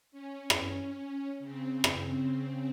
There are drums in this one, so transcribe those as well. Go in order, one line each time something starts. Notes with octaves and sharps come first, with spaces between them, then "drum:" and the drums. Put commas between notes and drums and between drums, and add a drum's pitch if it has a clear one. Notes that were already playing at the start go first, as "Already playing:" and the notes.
C#4
drum: rim click
C#3 C4
drum: rim click